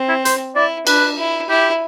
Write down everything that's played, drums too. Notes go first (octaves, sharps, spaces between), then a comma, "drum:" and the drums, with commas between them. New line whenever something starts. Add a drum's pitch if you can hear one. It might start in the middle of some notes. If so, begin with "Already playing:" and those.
Already playing: C4
E4
C5, drum: hi-hat
E4 D5
D4 B4, drum: cymbal
E4
E4 G4